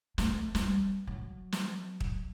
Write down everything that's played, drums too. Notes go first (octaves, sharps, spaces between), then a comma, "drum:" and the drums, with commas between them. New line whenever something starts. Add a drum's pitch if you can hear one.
A3, drum: snare
G3, drum: snare
F#3
drum: snare
drum: kick